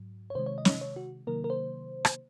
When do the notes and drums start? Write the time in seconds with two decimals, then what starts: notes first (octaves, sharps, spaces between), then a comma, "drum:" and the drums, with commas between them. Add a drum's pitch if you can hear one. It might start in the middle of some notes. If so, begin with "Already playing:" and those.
Already playing: G#2 F#3
0.30 C#5
0.35 C3 D#3 G#3 C5
0.46 C#5
0.58 D#5
0.65 C#5, drum: snare
0.70 D#5
0.81 C#5
0.96 F#4
1.27 C3 D#3 F#3 A#3 A#4
1.44 A#4
1.50 C5
2.05 drum: rim click